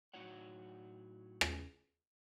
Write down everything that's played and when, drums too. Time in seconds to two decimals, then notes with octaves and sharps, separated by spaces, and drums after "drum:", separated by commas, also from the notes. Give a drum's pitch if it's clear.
0.14 A2 F#3 D#4 F#4 C#5 F#5
1.41 drum: rim click